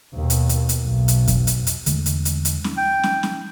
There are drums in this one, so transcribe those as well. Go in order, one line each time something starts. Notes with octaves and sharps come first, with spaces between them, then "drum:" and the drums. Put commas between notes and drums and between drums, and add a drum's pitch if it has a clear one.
D#2 B2
drum: hi-hat
drum: hi-hat
drum: hi-hat
B1
drum: hi-hat
drum: kick F2, hi-hat
drum: hi-hat
drum: hi-hat
E2 D3 G#3 A3, drum: hi-hat
drum: hi-hat
drum: hi-hat
drum: hi-hat
drum: snare
G5
drum: snare
drum: snare